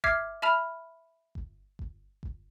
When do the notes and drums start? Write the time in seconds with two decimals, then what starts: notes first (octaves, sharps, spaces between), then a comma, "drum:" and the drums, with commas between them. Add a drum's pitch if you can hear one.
0.04 E5 D6 F6 G#6 C7, drum: kick G1
0.42 E5 A5 B5 F6 F7
1.35 drum: kick G1
1.79 drum: kick G1
2.23 drum: kick G1